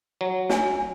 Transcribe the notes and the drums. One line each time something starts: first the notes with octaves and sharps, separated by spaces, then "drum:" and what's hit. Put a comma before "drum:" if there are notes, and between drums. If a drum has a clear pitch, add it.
F#3
D4 G#5, drum: snare